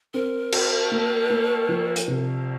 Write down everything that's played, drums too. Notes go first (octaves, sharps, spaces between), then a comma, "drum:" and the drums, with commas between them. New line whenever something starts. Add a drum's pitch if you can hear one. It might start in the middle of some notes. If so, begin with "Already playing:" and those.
C4 A#4
F#4, drum: cymbal
A#3
A#3
F3
drum: hi-hat
C3